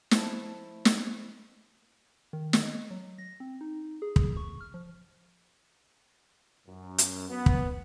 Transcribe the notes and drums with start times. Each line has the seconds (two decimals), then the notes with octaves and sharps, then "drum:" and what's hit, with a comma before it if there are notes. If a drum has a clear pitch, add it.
0.11 F3 A3 E4 A5, drum: snare
0.85 drum: snare
2.33 D#3
2.53 drum: snare
2.63 D#5
2.91 F#3
3.18 A#6
3.40 C4
3.61 D#4
4.02 G#4
4.16 G#4, drum: kick
4.37 C#6
4.61 F6
4.74 F3
6.67 F#2
6.98 drum: hi-hat
7.30 B3
7.46 drum: kick